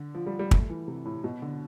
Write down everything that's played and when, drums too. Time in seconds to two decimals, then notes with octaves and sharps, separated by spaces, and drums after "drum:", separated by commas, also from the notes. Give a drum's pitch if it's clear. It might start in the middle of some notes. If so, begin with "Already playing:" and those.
Already playing: D3
0.15 F3
0.27 G3
0.39 G3
0.51 A3, drum: kick
0.70 E3
0.88 C3
1.06 A2
1.24 B2
1.42 D3